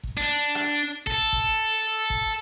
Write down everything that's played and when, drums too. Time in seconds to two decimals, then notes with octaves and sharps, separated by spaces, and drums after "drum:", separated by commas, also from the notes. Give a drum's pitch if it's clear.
0.03 drum: kick
0.17 D4
0.55 drum: rim click
1.07 A4, drum: kick
1.33 drum: kick
2.10 drum: kick